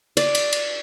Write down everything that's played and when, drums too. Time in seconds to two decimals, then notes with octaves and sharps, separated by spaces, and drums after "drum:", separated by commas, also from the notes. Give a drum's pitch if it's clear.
0.17 D5, drum: cymbal
0.35 drum: cymbal
0.53 drum: cymbal